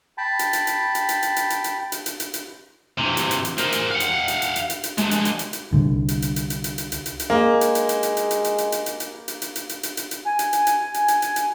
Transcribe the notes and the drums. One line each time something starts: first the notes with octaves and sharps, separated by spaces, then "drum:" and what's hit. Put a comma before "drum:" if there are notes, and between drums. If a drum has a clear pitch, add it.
G5 A5 B5
drum: hi-hat
drum: hi-hat
drum: hi-hat
drum: hi-hat
drum: hi-hat
drum: hi-hat
drum: hi-hat
drum: hi-hat
drum: hi-hat
drum: hi-hat
drum: hi-hat
drum: hi-hat
drum: hi-hat
C3 E3
drum: hi-hat
drum: hi-hat
drum: hi-hat
A#4 C5, drum: hi-hat
drum: hi-hat
F5 F#5
drum: hi-hat
drum: hi-hat
drum: hi-hat
drum: hi-hat
drum: hi-hat
drum: hi-hat
G#3 D4, drum: hi-hat
drum: hi-hat
drum: hi-hat
drum: hi-hat
drum: hi-hat
C2 D3
drum: hi-hat
drum: hi-hat
drum: hi-hat
drum: hi-hat
drum: hi-hat
drum: hi-hat
drum: hi-hat
drum: hi-hat
drum: hi-hat
G#3 A#3
drum: hi-hat
drum: hi-hat
drum: hi-hat
drum: hi-hat
drum: hi-hat
drum: hi-hat
drum: hi-hat
drum: hi-hat
drum: hi-hat
drum: hi-hat
drum: hi-hat
drum: hi-hat
drum: hi-hat
drum: hi-hat
drum: hi-hat
drum: hi-hat
drum: hi-hat
drum: hi-hat
G#5
drum: hi-hat
drum: hi-hat
drum: hi-hat
drum: hi-hat
drum: hi-hat
drum: hi-hat
drum: hi-hat